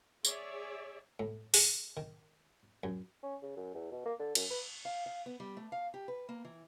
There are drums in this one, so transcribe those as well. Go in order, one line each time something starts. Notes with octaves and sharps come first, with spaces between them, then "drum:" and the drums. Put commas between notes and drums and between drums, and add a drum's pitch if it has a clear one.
G#4 C#5 D5 E5, drum: tambourine
A2
G#4, drum: open hi-hat
D#3
F#2
C#4
C#3
F#2
E2
B2
A#3
D3
F#2, drum: cymbal
B4
F5
F5
B3
G3
A3
F5
G4
B4
A#3
E3